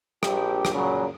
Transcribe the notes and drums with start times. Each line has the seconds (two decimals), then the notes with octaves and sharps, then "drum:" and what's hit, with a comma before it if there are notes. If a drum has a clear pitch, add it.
0.23 A#1 G4, drum: rim click
0.65 drum: rim click
0.74 A#2 C#3 F#3